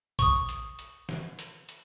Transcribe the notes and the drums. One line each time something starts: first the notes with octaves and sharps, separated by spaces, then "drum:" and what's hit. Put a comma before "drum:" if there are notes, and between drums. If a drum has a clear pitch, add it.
C#6 D#6, drum: kick A#1, hi-hat
drum: hi-hat
drum: hi-hat
drum: snare
drum: hi-hat
drum: hi-hat